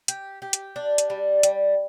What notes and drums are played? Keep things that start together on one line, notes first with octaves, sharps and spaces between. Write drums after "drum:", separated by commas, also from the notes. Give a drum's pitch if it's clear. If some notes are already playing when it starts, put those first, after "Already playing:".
G4, drum: hi-hat
G4
drum: hi-hat
D4
drum: hi-hat
G3
G3, drum: hi-hat